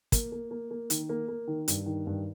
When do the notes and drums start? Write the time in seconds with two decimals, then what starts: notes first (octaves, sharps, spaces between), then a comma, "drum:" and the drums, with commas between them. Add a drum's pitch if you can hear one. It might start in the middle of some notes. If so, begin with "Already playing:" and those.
0.12 A#3, drum: kick, hi-hat
0.32 A#3
0.51 A#3
0.71 A#3
0.90 D#3, drum: hi-hat
1.09 A#3
1.28 A#3
1.47 D#3
1.68 G2, drum: hi-hat
1.86 D#3
2.07 G2